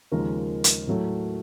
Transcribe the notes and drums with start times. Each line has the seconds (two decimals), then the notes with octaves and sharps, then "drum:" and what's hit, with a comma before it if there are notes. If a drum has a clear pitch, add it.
0.12 D#2 C#3 F3 G#3 A#4
0.64 drum: hi-hat
0.87 A2 F#3 A3